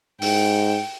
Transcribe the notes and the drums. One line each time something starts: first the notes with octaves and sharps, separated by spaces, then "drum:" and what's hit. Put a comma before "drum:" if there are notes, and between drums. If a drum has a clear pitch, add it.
G#2 G5, drum: open hi-hat